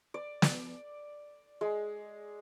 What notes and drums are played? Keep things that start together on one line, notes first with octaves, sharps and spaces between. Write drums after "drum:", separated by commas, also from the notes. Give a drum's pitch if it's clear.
D5
D5, drum: snare
G#3